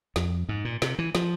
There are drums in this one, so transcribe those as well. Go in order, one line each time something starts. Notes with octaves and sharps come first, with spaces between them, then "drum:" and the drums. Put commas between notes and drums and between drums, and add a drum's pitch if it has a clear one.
F2, drum: snare
G#2
A#2
C3, drum: snare
E3
F3, drum: snare